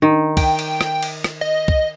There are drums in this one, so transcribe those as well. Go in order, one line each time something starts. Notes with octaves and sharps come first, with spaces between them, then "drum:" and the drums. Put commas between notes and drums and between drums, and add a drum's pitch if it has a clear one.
D#3
G5, drum: kick, cymbal
drum: cymbal
drum: rim click
drum: cymbal
drum: rim click
D#5
drum: kick